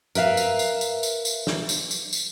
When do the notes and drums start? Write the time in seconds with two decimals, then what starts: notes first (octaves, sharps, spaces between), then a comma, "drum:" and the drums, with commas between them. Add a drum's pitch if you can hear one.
0.15 A#4 B4 E5 F5, drum: tambourine
0.37 drum: tambourine
0.59 drum: tambourine
0.81 drum: tambourine
1.03 drum: tambourine
1.25 drum: tambourine
1.47 drum: snare
1.69 drum: tambourine
1.91 drum: tambourine
2.13 drum: tambourine